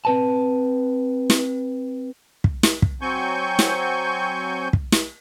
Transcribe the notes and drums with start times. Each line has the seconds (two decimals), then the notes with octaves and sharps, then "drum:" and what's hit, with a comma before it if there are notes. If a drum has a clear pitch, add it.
0.05 C4 B4 A5
1.30 drum: snare
2.44 drum: kick
2.63 drum: snare
2.82 drum: kick
3.01 F#3 C4 G#5 C#6 G6
3.59 drum: snare
4.73 drum: kick
4.92 drum: snare